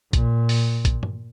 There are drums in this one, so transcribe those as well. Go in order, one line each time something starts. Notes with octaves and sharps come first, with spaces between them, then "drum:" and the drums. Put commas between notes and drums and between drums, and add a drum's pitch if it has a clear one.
A#2, drum: kick A#1, hi-hat
drum: open hi-hat
drum: kick A#1, hi-hat
drum: tom G2